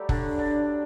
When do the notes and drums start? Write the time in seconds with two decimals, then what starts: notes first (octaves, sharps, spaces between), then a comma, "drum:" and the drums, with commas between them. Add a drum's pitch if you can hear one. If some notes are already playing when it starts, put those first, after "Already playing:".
Already playing: F#3 G3 A3 G4 A4
0.09 D3 D4, drum: kick F1
0.39 D4